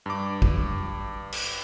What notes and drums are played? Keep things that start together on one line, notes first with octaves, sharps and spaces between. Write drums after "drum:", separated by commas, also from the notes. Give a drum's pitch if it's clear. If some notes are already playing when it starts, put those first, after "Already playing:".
G2 D6
drum: kick A1
drum: cymbal